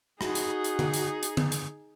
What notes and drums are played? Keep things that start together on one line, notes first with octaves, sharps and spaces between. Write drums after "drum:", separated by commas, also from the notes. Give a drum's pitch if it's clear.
D#4 F#4 G#4, drum: rim click
drum: hi-hat
drum: hi-hat
drum: tom D3
drum: hi-hat
drum: hi-hat
drum: tom
drum: hi-hat